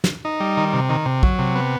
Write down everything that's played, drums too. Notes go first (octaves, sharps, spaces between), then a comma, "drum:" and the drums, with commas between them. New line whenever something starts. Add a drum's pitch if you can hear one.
drum: snare
D#4
G3
D#3
C3
D#3
C3
F#3, drum: kick A#1
C3
B3